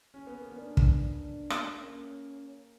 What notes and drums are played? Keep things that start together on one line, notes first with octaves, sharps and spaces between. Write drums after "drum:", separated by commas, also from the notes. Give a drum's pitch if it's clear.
C#4
B3
A#3
B3 D4
drum: kick
D4
drum: rim click
A#3 C#4